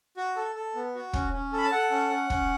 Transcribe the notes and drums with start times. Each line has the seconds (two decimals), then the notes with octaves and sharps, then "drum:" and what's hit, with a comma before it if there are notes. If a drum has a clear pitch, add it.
0.17 F#4
0.36 A4
0.55 A4
0.75 B3
0.95 F#4
1.13 C#4, drum: kick
1.33 C#4
1.53 A4 B5
1.64 A5
1.72 A4 F#5
1.91 C#4
2.11 C#4
2.30 C#4, drum: kick